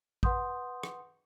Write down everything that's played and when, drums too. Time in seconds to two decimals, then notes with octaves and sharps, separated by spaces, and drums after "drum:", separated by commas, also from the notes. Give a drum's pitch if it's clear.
0.23 B4 F#5 C6 D#6 G6, drum: kick
0.83 drum: rim click